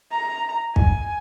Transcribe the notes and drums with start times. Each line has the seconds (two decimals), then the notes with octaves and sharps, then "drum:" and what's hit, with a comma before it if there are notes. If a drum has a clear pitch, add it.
0.12 A#5
0.76 G#5, drum: kick